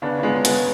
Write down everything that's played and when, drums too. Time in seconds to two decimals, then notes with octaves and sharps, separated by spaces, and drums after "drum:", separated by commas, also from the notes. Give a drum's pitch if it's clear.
0.02 C#3 B3 D4
0.18 C#3
0.23 G#3 B3
0.35 C#2
0.45 G#3 B3, drum: hi-hat